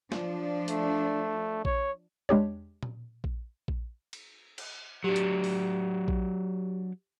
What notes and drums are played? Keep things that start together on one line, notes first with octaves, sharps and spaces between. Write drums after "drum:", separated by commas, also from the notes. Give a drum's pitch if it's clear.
F3 D4, drum: snare
A3, drum: hi-hat
C#5, drum: kick A#1
G#3 D4 G4 C#5, drum: tom E2
drum: tom A#2
drum: kick A#1
drum: kick A#1
drum: cymbal
drum: cymbal
F#3 D4 G4
drum: hi-hat
drum: open hi-hat
drum: kick A#1